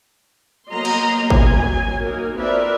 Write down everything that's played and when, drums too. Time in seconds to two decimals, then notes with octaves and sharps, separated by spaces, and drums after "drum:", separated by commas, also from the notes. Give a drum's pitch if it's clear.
0.71 F#3 A#3 B3 D#5 A#5 C6
0.85 drum: cymbal
1.30 F#3 G#5, drum: kick G#1
2.03 A#3 D#4 F#4 A#4
2.38 C4 F4 A#4 B4 D5 E5